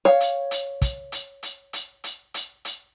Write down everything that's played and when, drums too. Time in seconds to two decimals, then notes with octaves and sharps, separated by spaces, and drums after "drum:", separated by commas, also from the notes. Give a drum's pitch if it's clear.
0.05 C#5 F5
0.20 drum: hi-hat
0.51 drum: hi-hat
0.82 drum: kick, hi-hat
1.12 drum: hi-hat
1.43 drum: hi-hat
1.73 drum: hi-hat
2.04 drum: hi-hat
2.34 drum: hi-hat
2.65 drum: hi-hat